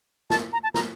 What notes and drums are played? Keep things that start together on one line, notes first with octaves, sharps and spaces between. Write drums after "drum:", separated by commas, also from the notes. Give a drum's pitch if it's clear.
A5, drum: snare
A#5
A5
A#5, drum: snare